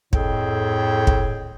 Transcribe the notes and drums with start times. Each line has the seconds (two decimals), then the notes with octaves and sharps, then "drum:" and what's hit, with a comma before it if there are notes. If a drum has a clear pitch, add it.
0.13 F2 A2 G#4 A4 G5, drum: kick
1.07 drum: kick